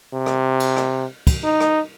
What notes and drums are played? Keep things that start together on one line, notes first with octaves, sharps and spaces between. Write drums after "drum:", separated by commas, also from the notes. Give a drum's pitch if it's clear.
C3
drum: rim click
drum: cymbal
drum: rim click
drum: kick, cymbal
D#4
drum: rim click